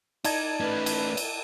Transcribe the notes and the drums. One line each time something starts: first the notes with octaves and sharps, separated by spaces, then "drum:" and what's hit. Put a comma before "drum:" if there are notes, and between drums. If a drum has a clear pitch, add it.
D#4 D5 A5 G#6, drum: cymbal
A3 C#4 B4
drum: cymbal
drum: cymbal